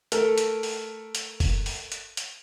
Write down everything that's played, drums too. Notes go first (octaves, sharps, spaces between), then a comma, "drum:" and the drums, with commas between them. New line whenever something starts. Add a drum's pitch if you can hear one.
A3 A4 A#4, drum: hi-hat
drum: hi-hat
drum: open hi-hat
drum: hi-hat
drum: kick F#1, open hi-hat
drum: open hi-hat
drum: hi-hat
drum: hi-hat